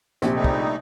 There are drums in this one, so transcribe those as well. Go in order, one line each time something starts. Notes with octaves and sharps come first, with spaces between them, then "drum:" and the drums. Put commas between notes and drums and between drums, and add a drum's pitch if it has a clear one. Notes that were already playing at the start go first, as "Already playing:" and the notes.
A#1 C3, drum: snare
G3 A3 D#4
drum: kick